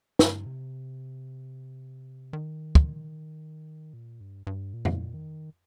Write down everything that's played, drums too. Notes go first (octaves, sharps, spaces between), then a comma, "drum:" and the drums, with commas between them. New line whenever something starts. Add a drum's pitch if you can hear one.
G2, drum: snare
C3
D#3
drum: kick
A#2
G2
G2
A#2
drum: tom F2
D#3